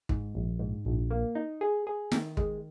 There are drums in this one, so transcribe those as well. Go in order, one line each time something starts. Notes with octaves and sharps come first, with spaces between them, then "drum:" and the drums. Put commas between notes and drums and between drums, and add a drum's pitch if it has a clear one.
G#2, drum: kick
A#1
G#2
A#1
A#3
D#4
G#4
G#4
D#3, drum: snare
G#3, drum: kick